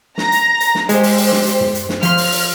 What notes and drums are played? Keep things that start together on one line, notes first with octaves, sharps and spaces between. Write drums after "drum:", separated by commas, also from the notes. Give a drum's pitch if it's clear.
A#5 A#6, drum: snare
drum: hi-hat
drum: hi-hat
drum: snare
G#3 G4 C5, drum: hi-hat
drum: open hi-hat
drum: open hi-hat
drum: snare
drum: hi-hat
drum: tom
drum: hi-hat
drum: snare
F3 C6 F6, drum: hi-hat
drum: open hi-hat
drum: open hi-hat